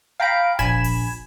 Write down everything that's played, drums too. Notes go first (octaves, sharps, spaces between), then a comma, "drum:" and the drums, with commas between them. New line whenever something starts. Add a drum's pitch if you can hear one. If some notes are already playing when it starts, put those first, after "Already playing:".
F5 G5 A#5 B5 D7
A#1 G#5 B5 G#6 E7, drum: kick F1, hi-hat
drum: open hi-hat